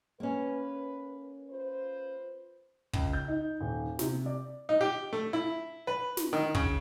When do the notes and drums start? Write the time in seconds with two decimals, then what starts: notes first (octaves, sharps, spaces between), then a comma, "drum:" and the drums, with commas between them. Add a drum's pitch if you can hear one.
0.20 A#3 C#4 B4
1.49 F4 B4 C5
2.93 C#2, drum: kick
3.13 G6
3.28 D#4
3.61 D#1
3.99 C3, drum: snare
4.26 D5
4.69 D#4
4.81 G4
5.13 A3
5.33 E4
5.87 B4
6.17 drum: snare
6.33 D#3
6.55 C#3, drum: kick